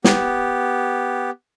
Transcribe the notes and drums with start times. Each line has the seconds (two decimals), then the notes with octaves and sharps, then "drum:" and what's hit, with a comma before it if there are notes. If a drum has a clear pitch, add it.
0.04 B3 G4, drum: snare